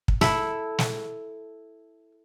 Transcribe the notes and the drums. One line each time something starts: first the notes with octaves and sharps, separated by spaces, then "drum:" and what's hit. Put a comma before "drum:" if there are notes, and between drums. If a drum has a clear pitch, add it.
drum: kick
E4 A4, drum: snare
drum: snare